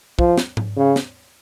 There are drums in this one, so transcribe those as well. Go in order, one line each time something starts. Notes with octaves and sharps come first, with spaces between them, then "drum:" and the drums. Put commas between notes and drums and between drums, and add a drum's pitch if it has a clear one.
F3, drum: kick
drum: snare
drum: tom G#2
C#3
drum: snare